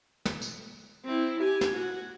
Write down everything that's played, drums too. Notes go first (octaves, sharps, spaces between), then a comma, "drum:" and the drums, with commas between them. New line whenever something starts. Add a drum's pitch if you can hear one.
drum: snare
drum: tambourine
C4 E4
G4 G#5
drum: snare
F#4